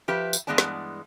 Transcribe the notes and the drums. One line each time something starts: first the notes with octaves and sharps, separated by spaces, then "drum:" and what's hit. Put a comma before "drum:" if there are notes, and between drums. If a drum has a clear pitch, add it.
F3 G4 B4 E5
drum: tambourine
G2 E3 G#3 B3 D5 A5
drum: snare